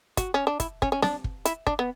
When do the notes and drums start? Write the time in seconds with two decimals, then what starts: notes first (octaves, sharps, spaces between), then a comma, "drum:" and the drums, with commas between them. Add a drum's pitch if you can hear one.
0.17 F#4, drum: kick, hi-hat
0.34 C#4
0.47 D4
0.60 E4, drum: kick, hi-hat
0.82 C#4, drum: kick
0.92 C#4
1.02 D4, drum: snare C4
1.24 drum: kick
1.45 E4, drum: hi-hat
1.67 D4, drum: kick
1.79 B3